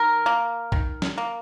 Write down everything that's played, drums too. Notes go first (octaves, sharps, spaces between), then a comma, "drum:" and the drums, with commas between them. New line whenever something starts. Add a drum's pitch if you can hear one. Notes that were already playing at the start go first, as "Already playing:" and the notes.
Already playing: D#3 A#4
A#3
D#3, drum: kick
drum: snare
A#3